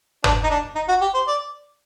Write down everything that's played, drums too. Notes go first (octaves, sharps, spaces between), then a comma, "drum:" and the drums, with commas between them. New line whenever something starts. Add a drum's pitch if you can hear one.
D4, drum: tom
D#4
D4
D#4
F#4
G4
C5
D5